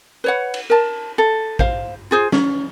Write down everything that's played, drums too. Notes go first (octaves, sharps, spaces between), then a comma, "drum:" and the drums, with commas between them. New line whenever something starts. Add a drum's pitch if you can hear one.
B4 C#5 F#5
drum: cymbal
A#4 A5
A4
C5 F5, drum: kick A1
F4 G#4 C5
C#4, drum: snare